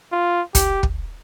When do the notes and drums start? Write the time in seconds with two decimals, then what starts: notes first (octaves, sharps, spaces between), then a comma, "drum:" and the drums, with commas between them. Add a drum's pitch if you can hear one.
0.12 F4
0.55 G4, drum: kick, hi-hat
0.83 drum: kick